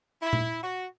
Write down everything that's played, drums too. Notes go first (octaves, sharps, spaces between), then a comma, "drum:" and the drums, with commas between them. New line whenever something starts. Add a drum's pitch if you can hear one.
E4
drum: tom A#2
F#4